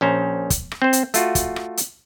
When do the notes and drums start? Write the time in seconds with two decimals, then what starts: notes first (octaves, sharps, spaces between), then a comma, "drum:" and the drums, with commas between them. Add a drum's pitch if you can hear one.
0.01 A#1 C#4 C5 A#5
0.50 drum: kick, hi-hat
0.72 drum: rim click
0.82 C4 C5
0.93 drum: hi-hat
1.14 A3 F4 F#4, drum: hi-hat
1.35 drum: kick, hi-hat
1.56 drum: rim click
1.77 drum: hi-hat